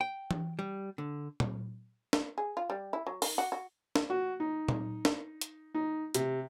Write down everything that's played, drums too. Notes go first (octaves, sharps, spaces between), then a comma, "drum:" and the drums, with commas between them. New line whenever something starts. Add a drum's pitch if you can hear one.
G5
drum: tom E3
G3
D3
drum: tom A#2
drum: snare
G#4
F4
G3
E4
F#3
D#3, drum: open hi-hat
F#4
F#4
drum: snare
F#4
D#4
drum: tom A#2
drum: snare
drum: hi-hat
D#4
C3, drum: hi-hat